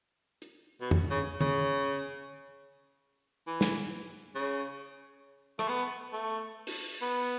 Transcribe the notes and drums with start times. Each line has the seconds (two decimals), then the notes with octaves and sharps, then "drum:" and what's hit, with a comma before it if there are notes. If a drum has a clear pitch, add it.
0.42 drum: hi-hat
0.81 B2
0.91 drum: tom
1.10 C#3
1.41 C#3, drum: tom
3.47 E3
3.61 drum: snare
4.35 C#3
5.59 A3, drum: rim click
5.69 B3
6.13 A3
6.67 drum: open hi-hat
7.02 B3